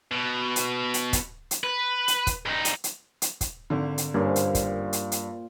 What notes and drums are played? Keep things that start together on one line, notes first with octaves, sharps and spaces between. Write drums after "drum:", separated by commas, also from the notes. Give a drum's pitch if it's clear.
B2
drum: hi-hat
drum: hi-hat
drum: kick, hi-hat
drum: hi-hat
B4
drum: hi-hat
drum: kick, hi-hat
G2 D#4
drum: hi-hat
drum: hi-hat
drum: hi-hat
drum: kick, hi-hat
G#1 D3
drum: hi-hat
G2 A#2 A#3 C#4 C5 F5
drum: hi-hat
drum: kick, hi-hat
drum: hi-hat
drum: hi-hat